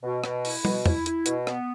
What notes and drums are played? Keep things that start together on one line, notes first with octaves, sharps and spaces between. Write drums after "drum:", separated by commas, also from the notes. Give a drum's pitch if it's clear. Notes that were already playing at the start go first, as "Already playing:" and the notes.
B2
B2, drum: rim click
E4, drum: open hi-hat
B2, drum: tom
E4, drum: tom
E4, drum: hi-hat
B2, drum: hi-hat
B3, drum: rim click